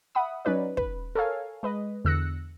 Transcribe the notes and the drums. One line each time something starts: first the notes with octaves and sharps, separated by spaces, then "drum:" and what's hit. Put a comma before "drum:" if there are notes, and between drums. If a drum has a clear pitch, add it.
E5 F#5 B5 D#6
F#3 C#4 D#4 B4 D5
B4, drum: kick
A4 A#4 C#5 F5 G#5
G#3 B4 D#5
E2 D3 E6 F#6 A#6 C#7